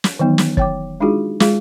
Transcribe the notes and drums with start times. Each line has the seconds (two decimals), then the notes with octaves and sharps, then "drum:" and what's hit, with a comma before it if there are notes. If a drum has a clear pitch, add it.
0.04 drum: snare
0.19 D#3 E3 F#3 B3 D#4
0.38 drum: snare
0.57 C#5 G5 D6, drum: kick
1.00 G#3 D4 D#4 F4 F#4 G#4
1.40 G#3 F4 G#4, drum: snare